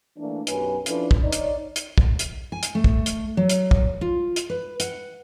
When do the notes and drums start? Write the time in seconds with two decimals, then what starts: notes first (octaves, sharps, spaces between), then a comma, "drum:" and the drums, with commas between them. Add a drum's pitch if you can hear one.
0.17 E3 A3 A#3 D4
0.47 B1 F#2 G4 B4 C#5 G#5, drum: hi-hat
0.86 F3 C#4 D4 E4 A4 B4, drum: hi-hat
1.11 drum: kick
1.22 D#4 C#5 D5
1.32 drum: hi-hat
1.76 drum: hi-hat
1.98 drum: kick
2.19 drum: hi-hat
2.52 G#5
2.63 drum: hi-hat
2.75 A3
2.84 drum: kick
3.06 drum: hi-hat
3.37 F#3
3.50 drum: hi-hat
3.71 drum: kick
4.01 F4
4.36 drum: hi-hat
4.50 B4
4.80 F#5, drum: hi-hat